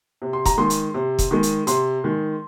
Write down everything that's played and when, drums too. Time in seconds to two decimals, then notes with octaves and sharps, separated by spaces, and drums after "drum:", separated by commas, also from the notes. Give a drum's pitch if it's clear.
0.22 C3
0.33 C6
0.45 A#5, drum: kick, hi-hat
0.58 D#3 G#3 C6
0.70 drum: hi-hat
0.94 C3
1.19 drum: kick, hi-hat
1.31 D#3 G#3
1.43 drum: hi-hat
1.67 C3 C6, drum: hi-hat
2.04 D#3 G#3